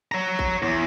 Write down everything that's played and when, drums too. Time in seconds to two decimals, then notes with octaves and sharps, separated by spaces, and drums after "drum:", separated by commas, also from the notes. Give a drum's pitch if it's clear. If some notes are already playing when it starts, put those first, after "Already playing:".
0.12 C#5 A#5
0.39 drum: kick A1
0.63 E2